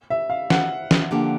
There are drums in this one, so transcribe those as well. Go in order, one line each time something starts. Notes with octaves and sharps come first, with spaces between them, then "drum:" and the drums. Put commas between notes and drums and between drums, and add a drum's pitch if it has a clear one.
E5
F5
F#5, drum: snare
drum: snare
D3 F3 A#3 D4 G4